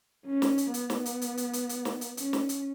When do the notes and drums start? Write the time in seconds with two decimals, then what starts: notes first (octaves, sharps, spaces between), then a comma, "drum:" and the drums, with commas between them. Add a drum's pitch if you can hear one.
0.26 C#4
0.42 drum: snare
0.58 drum: hi-hat
0.74 B3, drum: hi-hat
0.90 drum: snare
1.06 drum: hi-hat
1.21 drum: hi-hat
1.37 drum: hi-hat
1.53 drum: hi-hat
1.69 drum: hi-hat
1.85 drum: snare
2.01 drum: hi-hat
2.17 C#4, drum: hi-hat
2.33 drum: snare
2.49 drum: hi-hat